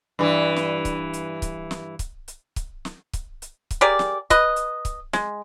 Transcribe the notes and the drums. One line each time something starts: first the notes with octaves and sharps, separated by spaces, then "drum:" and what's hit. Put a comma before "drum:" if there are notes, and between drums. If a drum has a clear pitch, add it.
G2 E3
drum: snare
drum: kick C#1, hi-hat
drum: hi-hat
drum: kick C#1, hi-hat
drum: snare
drum: kick C#1, hi-hat
drum: hi-hat
drum: kick C#1, hi-hat
drum: snare
drum: kick C#1, hi-hat
drum: hi-hat
drum: kick C#1, hi-hat
G4 G#4 A#4 D5
drum: snare
B4 D#5, drum: kick C#1, hi-hat
drum: hi-hat
drum: kick C#1, hi-hat
G#3, drum: snare